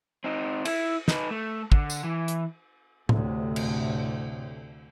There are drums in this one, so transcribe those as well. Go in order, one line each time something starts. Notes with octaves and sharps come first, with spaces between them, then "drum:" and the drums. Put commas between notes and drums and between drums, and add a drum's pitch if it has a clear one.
C4 D#4
E4, drum: cymbal
D#4 B4, drum: snare
A3
D3, drum: kick
drum: tambourine
E3
drum: hi-hat
D2 A2 C3, drum: tom
drum: cymbal